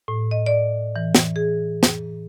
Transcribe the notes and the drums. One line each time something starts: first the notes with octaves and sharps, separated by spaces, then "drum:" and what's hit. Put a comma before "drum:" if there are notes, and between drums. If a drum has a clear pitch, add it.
A2
D#5
D5
E3
drum: snare
G#4
drum: snare